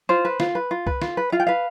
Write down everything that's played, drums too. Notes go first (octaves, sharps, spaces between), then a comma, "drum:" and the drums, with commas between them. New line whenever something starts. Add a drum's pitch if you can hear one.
F4 C5
B4
F4, drum: snare
B4
F4
B4, drum: kick C2
F4, drum: snare
B4
F4 F5
G5
B4 F5